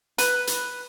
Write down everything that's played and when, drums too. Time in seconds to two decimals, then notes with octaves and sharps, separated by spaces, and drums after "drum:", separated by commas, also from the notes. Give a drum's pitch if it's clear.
0.18 B4, drum: hi-hat
0.47 drum: hi-hat